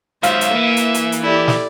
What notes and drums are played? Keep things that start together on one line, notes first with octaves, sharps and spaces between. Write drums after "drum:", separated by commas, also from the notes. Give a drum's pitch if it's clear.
G#2 F#3 C5 E5 F5, drum: hi-hat
drum: hi-hat
E3 A#3
drum: hi-hat
drum: hi-hat
drum: hi-hat
E4 G4 A4 D5
drum: snare